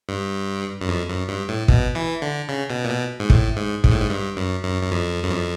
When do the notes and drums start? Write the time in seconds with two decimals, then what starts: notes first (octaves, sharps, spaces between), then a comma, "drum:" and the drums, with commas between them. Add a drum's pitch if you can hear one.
0.09 G2
0.81 F#2
0.88 F2
1.09 F#2
1.29 G2
1.49 A2
1.68 B2, drum: kick
1.95 E3
2.22 D3
2.49 C#3
2.70 B2
2.85 A#2
2.90 B2
3.20 G#2
3.30 A2, drum: kick
3.56 G#2
3.84 G#2, drum: kick
3.91 A2
4.00 G#2
4.10 G2
4.37 F#2
4.64 F#2
4.83 F#2
4.91 F2
5.24 F#2
5.31 F2